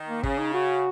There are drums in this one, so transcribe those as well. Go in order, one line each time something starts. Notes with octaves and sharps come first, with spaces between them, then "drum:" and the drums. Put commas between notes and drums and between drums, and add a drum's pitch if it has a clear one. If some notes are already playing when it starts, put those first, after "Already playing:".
Already playing: D#3
A#3
C#3 C#4, drum: kick
D#4
F#4